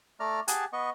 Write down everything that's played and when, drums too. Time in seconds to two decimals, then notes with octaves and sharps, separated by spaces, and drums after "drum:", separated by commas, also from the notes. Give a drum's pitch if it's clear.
0.20 A3 D5 A#5 F6
0.48 G4 G#4 F#5 G#5 A5, drum: hi-hat
0.73 B3 D#5 C#6